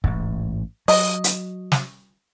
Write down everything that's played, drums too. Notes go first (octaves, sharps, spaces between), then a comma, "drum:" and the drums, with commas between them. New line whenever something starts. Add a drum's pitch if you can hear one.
A1 G#2, drum: kick C#1
F#3 D#5, drum: open hi-hat
drum: hi-hat
drum: snare